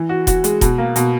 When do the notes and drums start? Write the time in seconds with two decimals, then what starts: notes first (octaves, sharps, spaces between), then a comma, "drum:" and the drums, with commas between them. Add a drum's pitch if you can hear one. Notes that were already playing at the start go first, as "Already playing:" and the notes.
Already playing: E3
0.09 F#4
0.27 F#4, drum: kick E1, hi-hat
0.44 G#3, drum: hi-hat
0.61 B2, drum: kick E1, hi-hat
0.78 A#3
0.96 B2, drum: hi-hat